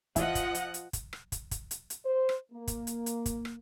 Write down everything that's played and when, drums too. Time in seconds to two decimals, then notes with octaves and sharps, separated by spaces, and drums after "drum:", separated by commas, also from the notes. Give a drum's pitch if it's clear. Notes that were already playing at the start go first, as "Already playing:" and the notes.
0.16 E3 F3 D#5 E5 F#5, drum: kick, hi-hat
0.35 drum: kick, hi-hat
0.55 drum: hi-hat
0.74 drum: hi-hat
0.93 drum: kick, hi-hat
1.13 drum: rim click
1.32 drum: kick, hi-hat
1.51 drum: kick, hi-hat
1.71 drum: hi-hat
1.90 drum: hi-hat
2.05 C5
2.29 drum: rim click
2.52 A#3
2.67 drum: kick, hi-hat
2.87 drum: hi-hat
3.06 drum: hi-hat
3.26 drum: kick, hi-hat
3.45 drum: rim click